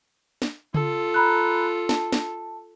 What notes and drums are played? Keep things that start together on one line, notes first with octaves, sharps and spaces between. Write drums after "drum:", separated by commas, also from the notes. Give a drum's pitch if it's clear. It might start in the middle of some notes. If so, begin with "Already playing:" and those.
drum: snare
F4 A4, drum: tom C#3
A#5 B5 F#6
A5, drum: snare
drum: snare